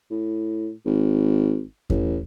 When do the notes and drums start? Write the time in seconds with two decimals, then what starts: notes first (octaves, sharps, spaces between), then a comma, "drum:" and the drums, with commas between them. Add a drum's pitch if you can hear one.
0.11 A2
0.85 G#1
1.90 A1, drum: kick E2